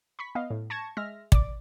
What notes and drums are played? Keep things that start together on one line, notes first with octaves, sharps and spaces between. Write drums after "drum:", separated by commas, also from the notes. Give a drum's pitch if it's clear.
B5 C#6 B6
B3 D#5 F5
A2
A5 C#6 G#6 A#6 C#7 E7
G#3 E5 F6 A#6
D5 D6, drum: kick